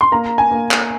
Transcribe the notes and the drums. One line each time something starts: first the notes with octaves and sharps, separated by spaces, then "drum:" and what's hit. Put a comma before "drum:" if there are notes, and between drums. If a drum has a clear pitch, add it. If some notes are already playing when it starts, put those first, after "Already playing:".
C6
A#3 A#5
G#5
A#3
drum: clap